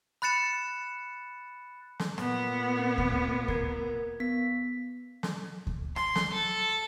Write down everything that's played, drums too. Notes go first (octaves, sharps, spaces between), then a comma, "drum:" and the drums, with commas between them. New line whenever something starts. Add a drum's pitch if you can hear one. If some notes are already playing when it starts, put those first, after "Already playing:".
B5 F#6 A6 C#7 E7
drum: snare
A#2 B3, drum: rim click
C4
drum: kick D2
A#4 G#6, drum: kick D2
B3 B6
drum: snare
drum: kick D2
C6, drum: rim click
drum: snare
A4